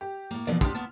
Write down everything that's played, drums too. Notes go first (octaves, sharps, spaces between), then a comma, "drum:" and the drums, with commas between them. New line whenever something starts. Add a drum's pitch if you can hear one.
G4
A2 A#3
B2 E3 F3 A#3 D5
D4 G4 C6 D#6 F6, drum: kick
A#3 B3 A5